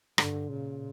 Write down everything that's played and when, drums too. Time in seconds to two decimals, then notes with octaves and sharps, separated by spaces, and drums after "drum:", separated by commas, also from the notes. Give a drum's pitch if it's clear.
0.18 G2 D3, drum: rim click
0.49 A#2 C#3